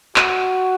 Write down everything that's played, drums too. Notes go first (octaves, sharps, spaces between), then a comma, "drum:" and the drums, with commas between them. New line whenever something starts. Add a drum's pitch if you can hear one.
F#4, drum: clap